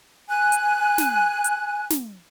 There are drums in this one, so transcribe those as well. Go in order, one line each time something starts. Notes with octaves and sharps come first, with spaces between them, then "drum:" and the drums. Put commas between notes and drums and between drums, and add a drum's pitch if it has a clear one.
G#5 F#6
drum: hi-hat
drum: snare
drum: hi-hat
drum: snare